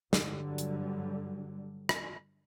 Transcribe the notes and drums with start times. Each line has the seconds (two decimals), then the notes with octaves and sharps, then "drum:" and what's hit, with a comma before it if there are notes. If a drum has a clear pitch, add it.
0.13 G2 D3 F#3 G3, drum: snare
0.58 drum: hi-hat
1.89 drum: rim click